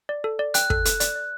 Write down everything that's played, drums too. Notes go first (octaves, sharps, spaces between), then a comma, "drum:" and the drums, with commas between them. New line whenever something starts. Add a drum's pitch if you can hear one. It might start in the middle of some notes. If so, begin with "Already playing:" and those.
D5
A4
D5
G5 F#6, drum: hi-hat
A4, drum: kick
A4, drum: hi-hat
D5, drum: hi-hat
D5